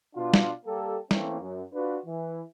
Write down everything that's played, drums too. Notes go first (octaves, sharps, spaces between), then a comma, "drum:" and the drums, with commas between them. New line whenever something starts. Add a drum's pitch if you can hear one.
B2 D4 F4
drum: snare
G3 A#3 G4 A4
E3 A3 A#3 C4 C#4, drum: snare
F#2
D4 F4 F#4 B4
E3